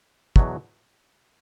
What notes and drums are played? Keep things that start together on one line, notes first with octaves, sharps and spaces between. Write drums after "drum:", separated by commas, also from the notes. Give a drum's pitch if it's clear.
E2 B2 F#3, drum: kick